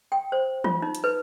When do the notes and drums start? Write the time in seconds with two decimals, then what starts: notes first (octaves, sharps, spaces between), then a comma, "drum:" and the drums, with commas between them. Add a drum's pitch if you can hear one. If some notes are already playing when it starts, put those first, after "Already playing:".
0.12 G5
0.32 C5
0.64 F4, drum: tom E3
0.82 D#4
0.95 drum: hi-hat
1.04 B4